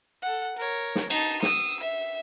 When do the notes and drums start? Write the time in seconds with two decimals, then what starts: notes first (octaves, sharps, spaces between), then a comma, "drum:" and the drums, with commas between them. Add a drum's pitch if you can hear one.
0.22 A4 F#5
0.57 A#4 C#5
0.95 drum: snare
1.10 D#4 A5, drum: cymbal
1.43 D#6 E6, drum: snare
1.81 E5